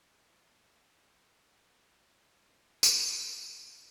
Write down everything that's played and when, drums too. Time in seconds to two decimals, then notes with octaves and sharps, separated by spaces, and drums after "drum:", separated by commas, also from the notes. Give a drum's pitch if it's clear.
0.21 G#4
1.74 G1 F2 D#3 G#5 A6 D#7
2.17 D3 G3
2.83 drum: tambourine
2.96 D#2 C5
3.29 D3 F#3 G6 F7